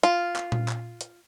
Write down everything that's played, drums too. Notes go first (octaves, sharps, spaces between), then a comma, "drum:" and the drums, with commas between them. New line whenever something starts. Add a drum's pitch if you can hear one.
F4, drum: hi-hat
drum: clap
drum: tom A#2
drum: clap
drum: hi-hat